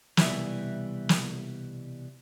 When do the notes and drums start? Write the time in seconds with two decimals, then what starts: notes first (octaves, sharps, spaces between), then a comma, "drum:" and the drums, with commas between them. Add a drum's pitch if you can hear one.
0.17 C2 B2 E3 G3 E5, drum: snare
1.09 drum: snare